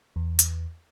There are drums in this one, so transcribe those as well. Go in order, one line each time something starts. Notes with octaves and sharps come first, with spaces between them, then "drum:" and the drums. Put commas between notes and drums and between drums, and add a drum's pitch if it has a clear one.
E2
drum: hi-hat